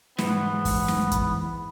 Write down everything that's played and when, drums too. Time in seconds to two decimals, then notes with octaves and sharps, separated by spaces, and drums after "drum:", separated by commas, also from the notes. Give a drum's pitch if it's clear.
0.18 G#2 E3 B3, drum: snare
0.65 drum: kick, open hi-hat
0.88 drum: snare
1.12 drum: kick, hi-hat